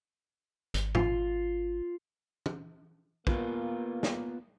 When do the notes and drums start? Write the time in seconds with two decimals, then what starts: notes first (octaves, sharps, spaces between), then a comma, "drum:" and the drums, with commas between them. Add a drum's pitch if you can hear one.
0.74 G#1, drum: hi-hat
0.95 F4, drum: tom G#2
2.46 drum: tom
3.27 A#3 B3 F4 B4, drum: kick
4.03 drum: snare